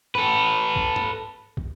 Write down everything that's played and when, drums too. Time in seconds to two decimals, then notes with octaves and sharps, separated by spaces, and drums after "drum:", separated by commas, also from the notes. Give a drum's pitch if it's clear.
0.15 A4 B4, drum: tom
0.76 drum: kick
0.96 drum: tom
1.57 drum: kick